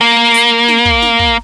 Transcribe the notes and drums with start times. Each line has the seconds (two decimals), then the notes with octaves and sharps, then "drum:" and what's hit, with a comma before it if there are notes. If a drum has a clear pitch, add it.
0.01 A#3
0.34 drum: hi-hat
0.68 drum: snare
0.85 drum: kick
1.02 drum: snare
1.19 drum: kick